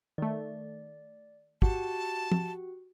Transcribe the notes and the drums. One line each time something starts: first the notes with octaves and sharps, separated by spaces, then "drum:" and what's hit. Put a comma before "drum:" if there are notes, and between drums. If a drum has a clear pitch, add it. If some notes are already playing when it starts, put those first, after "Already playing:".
D#3 A3 D5
F#4 G4 F#5 A5, drum: kick
drum: tom